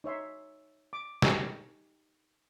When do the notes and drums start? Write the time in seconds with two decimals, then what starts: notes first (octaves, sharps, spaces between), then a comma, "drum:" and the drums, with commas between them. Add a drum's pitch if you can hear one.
0.04 D#4 C#5 E5 C6
0.93 D6
1.22 D#4 G4 G#5 C#6, drum: snare